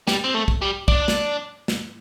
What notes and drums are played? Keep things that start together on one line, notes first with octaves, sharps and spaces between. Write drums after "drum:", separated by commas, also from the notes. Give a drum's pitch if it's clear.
G3, drum: snare
C4
A3
drum: kick
G3
D4, drum: kick
drum: snare
drum: snare